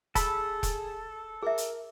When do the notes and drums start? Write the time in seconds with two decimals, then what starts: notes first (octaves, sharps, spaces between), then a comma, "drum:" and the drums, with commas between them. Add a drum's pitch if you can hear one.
0.15 G#4 A4 A5 B5, drum: kick E1, hi-hat
0.63 drum: kick E1, hi-hat
1.43 G#4 A#4 E5
1.58 drum: hi-hat